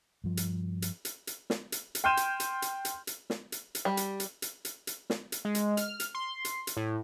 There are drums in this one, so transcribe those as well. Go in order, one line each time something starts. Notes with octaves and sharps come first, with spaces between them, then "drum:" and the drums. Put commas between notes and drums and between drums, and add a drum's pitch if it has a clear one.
G2 F3
drum: hi-hat
drum: hi-hat
drum: hi-hat
drum: hi-hat
drum: snare
drum: hi-hat
drum: hi-hat
G5 C6 F6 G6 D#7 E7
drum: hi-hat
drum: hi-hat
drum: hi-hat
drum: hi-hat
drum: hi-hat
drum: snare
drum: hi-hat
drum: hi-hat
G3
drum: hi-hat
drum: hi-hat
drum: hi-hat
drum: hi-hat
drum: hi-hat
drum: snare
drum: hi-hat
G#3
drum: hi-hat
F6, drum: hi-hat
drum: hi-hat
C6
drum: hi-hat
drum: hi-hat
A2